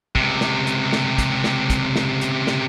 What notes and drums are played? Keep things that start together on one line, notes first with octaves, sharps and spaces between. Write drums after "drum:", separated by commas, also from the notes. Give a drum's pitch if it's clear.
C#2 C3, drum: kick
drum: snare
drum: hi-hat
drum: snare
drum: kick, hi-hat
drum: snare
drum: kick, hi-hat
drum: snare
drum: hi-hat
drum: snare